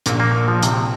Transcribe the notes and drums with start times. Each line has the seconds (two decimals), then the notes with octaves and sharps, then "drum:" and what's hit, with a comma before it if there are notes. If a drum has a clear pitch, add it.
0.06 A#1 A#2 A#3, drum: hi-hat
0.20 A#3
0.35 A#3
0.48 F3
0.63 C3, drum: hi-hat
0.77 C3